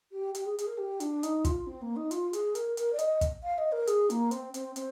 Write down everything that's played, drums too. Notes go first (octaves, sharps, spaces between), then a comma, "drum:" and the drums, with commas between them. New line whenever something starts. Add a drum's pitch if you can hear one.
G4
G4, drum: hi-hat
G#4
G#4, drum: hi-hat
A#4
G4
D4, drum: hi-hat
D#4, drum: hi-hat
F4, drum: kick, hi-hat
C4
A#3
D#4
F4, drum: hi-hat
G#4, drum: hi-hat
A#4, drum: hi-hat
A#4, drum: hi-hat
D5
D#5, drum: hi-hat
drum: kick, hi-hat
F5
D#5
A#4
G#4, drum: hi-hat
A#3, drum: hi-hat
C4, drum: hi-hat
C4, drum: hi-hat
C4, drum: hi-hat